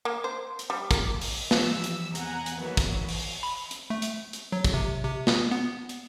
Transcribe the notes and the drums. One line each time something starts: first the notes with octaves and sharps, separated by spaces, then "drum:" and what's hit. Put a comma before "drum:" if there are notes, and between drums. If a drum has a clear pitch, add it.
A#3
C5
drum: hi-hat
G3
A#3, drum: kick, hi-hat
drum: open hi-hat
E3 F3 G3 E6, drum: snare
drum: hi-hat
E2 C3 F#5 G#5 A#5, drum: hi-hat
drum: hi-hat
D#3 E3 F#3 A#3 B3
drum: kick, hi-hat
drum: open hi-hat
B5
drum: hi-hat
A3
drum: hi-hat
drum: hi-hat
F#3
drum: kick, hi-hat
C3
C3
drum: snare
B3
drum: hi-hat